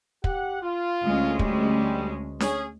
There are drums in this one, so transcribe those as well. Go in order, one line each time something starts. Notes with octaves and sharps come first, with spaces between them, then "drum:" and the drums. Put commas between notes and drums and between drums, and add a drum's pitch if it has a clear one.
G4 F#5, drum: kick
F4
D2 G#3 C#4
G3, drum: kick
C#4 G#4, drum: snare D4